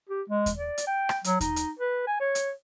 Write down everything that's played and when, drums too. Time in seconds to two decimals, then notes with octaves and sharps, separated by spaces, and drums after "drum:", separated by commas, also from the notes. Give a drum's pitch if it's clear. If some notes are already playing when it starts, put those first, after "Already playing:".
0.09 G4
0.30 G#3
0.46 drum: kick D#2, hi-hat
0.56 D5
0.78 drum: hi-hat
0.87 G5
1.09 drum: rim click
1.24 F#3, drum: hi-hat
1.41 D#4, drum: kick D#2, hi-hat
1.56 drum: hi-hat
1.79 B4
2.07 G#5
2.20 C#5
2.35 drum: hi-hat